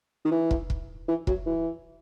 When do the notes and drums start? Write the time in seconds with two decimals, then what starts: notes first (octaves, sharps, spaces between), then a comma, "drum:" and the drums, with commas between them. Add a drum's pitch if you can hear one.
0.25 D#3
0.31 E3
0.51 drum: kick
0.70 drum: kick
1.08 E3
1.27 F#3, drum: kick
1.46 E3